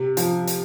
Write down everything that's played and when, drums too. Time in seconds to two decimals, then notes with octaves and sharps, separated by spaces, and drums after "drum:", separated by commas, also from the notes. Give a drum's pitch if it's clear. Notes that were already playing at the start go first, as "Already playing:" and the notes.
Already playing: C3
0.17 F3, drum: hi-hat
0.47 drum: hi-hat